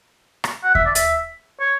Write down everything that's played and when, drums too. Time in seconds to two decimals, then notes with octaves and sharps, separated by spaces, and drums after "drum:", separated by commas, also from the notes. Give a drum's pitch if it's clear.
0.44 drum: rim click
0.64 F#5
0.75 E5, drum: kick D#2
0.86 D5
0.95 E5, drum: hi-hat
1.60 C#5